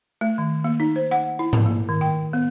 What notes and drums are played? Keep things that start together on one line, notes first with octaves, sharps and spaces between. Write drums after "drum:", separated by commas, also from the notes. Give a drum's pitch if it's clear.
A3
D#3
A#3
D#4
C5
F#5
E4
drum: tom G#2
A#3
D#3
G5
B3